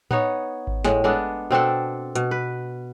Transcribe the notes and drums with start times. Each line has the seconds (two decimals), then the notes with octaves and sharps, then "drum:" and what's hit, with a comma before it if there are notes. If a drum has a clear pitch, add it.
0.11 B3 D#4 C#5, drum: tom A2
0.67 drum: kick G#1
0.84 A2 G#3, drum: snare
1.04 G#3 B3 D4 A4
1.51 B2 C4 D4 A4
2.15 B2, drum: hi-hat
2.31 B4